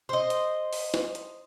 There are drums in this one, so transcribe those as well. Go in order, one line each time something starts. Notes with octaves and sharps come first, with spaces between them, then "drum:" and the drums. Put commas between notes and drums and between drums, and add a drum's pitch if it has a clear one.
C5 D#5
drum: hi-hat
drum: open hi-hat
drum: snare
drum: hi-hat